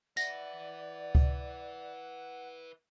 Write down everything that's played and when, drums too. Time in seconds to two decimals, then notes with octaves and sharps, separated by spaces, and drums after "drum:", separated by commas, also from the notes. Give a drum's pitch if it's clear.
0.17 B4 D5 E5 F#5 A#6, drum: tambourine
1.15 drum: kick C#2